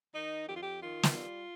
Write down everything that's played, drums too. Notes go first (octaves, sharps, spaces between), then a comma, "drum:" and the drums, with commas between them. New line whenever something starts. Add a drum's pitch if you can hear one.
D#3 D#4
F2 G4
F4
G4
D#3 F4
drum: snare
G3